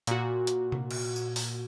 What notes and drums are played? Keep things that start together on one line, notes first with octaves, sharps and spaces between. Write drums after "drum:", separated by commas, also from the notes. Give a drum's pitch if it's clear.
A#2 F#4, drum: hi-hat
drum: hi-hat
drum: tom C3
drum: cymbal
drum: tambourine
drum: open hi-hat